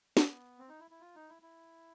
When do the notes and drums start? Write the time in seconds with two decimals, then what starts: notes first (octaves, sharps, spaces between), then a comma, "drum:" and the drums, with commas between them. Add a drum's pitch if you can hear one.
0.17 B3, drum: snare
0.58 C4
0.69 D#4
0.80 E4
0.91 E4
1.01 F4
1.15 D#4
1.29 E4
1.42 E4